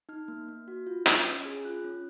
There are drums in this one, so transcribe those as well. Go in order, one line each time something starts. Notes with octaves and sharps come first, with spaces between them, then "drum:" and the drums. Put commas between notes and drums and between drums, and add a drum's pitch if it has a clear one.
D#4 F6
A#3
A#3
F#4
F4
C#4, drum: clap
C#4
G#4
F4 F#6
C#4